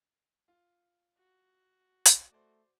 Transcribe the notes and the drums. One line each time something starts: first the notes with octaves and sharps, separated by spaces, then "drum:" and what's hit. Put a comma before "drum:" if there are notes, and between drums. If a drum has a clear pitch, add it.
F4
F#4
drum: hi-hat
A3 C5 D5